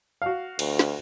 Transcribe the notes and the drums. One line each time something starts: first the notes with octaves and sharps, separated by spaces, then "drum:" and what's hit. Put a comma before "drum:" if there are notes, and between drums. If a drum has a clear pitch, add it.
F#4 F5
D2, drum: cymbal
drum: snare